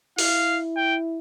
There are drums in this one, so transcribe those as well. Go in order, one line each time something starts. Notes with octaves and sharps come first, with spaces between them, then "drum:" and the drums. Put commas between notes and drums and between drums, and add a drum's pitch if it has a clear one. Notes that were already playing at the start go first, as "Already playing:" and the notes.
E4 F5, drum: open hi-hat
G5